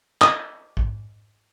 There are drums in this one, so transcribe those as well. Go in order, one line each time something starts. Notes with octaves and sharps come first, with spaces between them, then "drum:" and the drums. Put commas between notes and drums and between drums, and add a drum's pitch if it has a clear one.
D#6, drum: clap
drum: kick